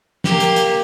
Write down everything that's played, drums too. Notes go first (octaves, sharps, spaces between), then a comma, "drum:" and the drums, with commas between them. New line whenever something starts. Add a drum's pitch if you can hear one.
A#3 G4, drum: snare
drum: hi-hat
drum: hi-hat